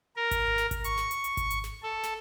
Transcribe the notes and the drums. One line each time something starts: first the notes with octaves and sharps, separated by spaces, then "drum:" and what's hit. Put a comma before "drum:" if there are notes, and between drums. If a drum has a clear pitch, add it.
A#4
drum: kick G#1, hi-hat
drum: snare
drum: kick G#1, hi-hat
C#6, drum: hi-hat
drum: snare
drum: hi-hat
drum: hi-hat
drum: kick G#1, hi-hat
drum: hi-hat
drum: snare
A4
drum: snare